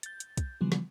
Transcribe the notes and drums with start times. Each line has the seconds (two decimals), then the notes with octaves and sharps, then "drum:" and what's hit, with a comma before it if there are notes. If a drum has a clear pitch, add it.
0.03 G6 A6, drum: hi-hat
0.20 drum: hi-hat
0.37 drum: kick, hi-hat
0.61 C#3 E3 F3 G3 B3
0.72 drum: snare